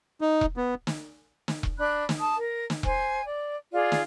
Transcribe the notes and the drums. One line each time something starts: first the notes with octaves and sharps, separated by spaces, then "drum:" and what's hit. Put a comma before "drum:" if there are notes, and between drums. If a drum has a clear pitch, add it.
D#4
drum: kick E1
B3
drum: snare
drum: snare
drum: kick E1
D4 B5 F#6
drum: snare
A5 D#6
A#4
drum: snare
C5 G#5, drum: kick E1
D5
F4 G#4 D5
drum: snare